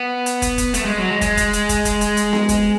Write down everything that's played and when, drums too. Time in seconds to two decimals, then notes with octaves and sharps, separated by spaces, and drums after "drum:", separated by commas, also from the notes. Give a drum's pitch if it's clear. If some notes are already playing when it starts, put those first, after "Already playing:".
Already playing: B3
0.26 drum: hi-hat
0.42 drum: kick, hi-hat
0.58 drum: kick, hi-hat
0.74 A3, drum: hi-hat
0.85 G#3
0.98 F#3
1.10 G#3
1.21 G#3, drum: kick, hi-hat
1.37 drum: kick, hi-hat
1.53 drum: hi-hat
1.69 drum: kick, hi-hat
1.85 drum: kick, hi-hat
2.01 drum: hi-hat
2.17 drum: hi-hat
2.33 drum: snare B3
2.49 drum: kick, hi-hat